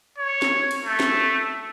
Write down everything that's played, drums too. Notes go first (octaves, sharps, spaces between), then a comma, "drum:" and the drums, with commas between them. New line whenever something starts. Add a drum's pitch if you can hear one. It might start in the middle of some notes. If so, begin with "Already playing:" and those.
C#5
drum: snare
drum: cymbal
A3
drum: snare